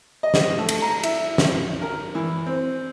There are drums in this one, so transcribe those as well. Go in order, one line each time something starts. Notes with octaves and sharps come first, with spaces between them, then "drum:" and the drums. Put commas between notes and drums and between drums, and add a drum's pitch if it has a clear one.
D#5
drum: snare
A3
drum: cymbal
A#5
E4, drum: cymbal
drum: snare
A#4
E3
C4